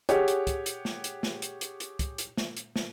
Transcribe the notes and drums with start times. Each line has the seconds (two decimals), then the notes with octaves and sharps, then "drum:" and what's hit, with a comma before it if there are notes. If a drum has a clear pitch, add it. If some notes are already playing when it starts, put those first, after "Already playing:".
0.09 G4 G#4 C#5 F#5, drum: hi-hat
0.28 drum: hi-hat
0.47 drum: kick, hi-hat
0.66 drum: hi-hat
0.85 drum: snare
1.04 drum: hi-hat
1.23 drum: snare
1.42 drum: hi-hat
1.61 drum: hi-hat
1.80 drum: hi-hat
1.99 drum: kick, hi-hat
2.18 drum: hi-hat
2.37 drum: snare
2.57 drum: hi-hat
2.76 drum: snare